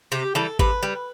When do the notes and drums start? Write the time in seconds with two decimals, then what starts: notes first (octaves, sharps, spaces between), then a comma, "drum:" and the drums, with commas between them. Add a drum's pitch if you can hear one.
0.12 C3 G4
0.35 E3 G3 A4
0.59 C3 B4, drum: kick G#1
0.83 G3